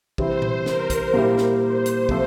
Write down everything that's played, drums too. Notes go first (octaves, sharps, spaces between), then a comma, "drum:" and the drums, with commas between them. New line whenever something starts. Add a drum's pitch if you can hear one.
C3 E3 G3 C4 E4 C5, drum: kick
drum: tom A#2
A#4, drum: snare
drum: kick, hi-hat
A#2 G3 A#3 E4 G4
drum: snare
C5
drum: hi-hat
C3 F3 A3, drum: kick